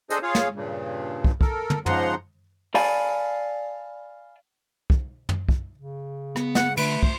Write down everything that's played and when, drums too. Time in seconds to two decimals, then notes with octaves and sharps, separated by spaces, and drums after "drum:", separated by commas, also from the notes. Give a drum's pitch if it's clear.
0.10 D4 G#4 A4 C5 D#5, drum: hi-hat
0.23 F4 G#4 C#5 F5
0.35 drum: snare
0.55 G2 A#2 C#3
1.24 drum: kick
1.41 A4 A#4, drum: kick
1.70 drum: tom
1.86 G#2 C#3 F3 F#5 A#5 C6, drum: tom
2.75 D5 F5 G#5 A5 B5, drum: open hi-hat
4.90 drum: kick
5.29 drum: tom
5.49 drum: kick
5.75 C#3
6.36 B3, drum: rim click
6.55 F#5, drum: snare
6.77 D3 A3 B4, drum: cymbal
7.03 C5, drum: kick